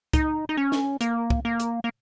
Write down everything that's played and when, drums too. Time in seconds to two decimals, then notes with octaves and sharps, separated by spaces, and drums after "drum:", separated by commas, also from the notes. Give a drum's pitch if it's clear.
0.13 D#4, drum: kick, hi-hat
0.49 D#4
0.57 C#4
0.72 drum: snare
1.01 A#3, drum: hi-hat
1.30 drum: kick
1.45 A#3
1.60 drum: hi-hat
1.84 A#3